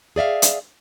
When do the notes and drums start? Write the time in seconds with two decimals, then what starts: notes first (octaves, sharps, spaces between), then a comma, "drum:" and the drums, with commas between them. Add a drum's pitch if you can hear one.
0.16 G#4 D5 E5 F5
0.42 drum: hi-hat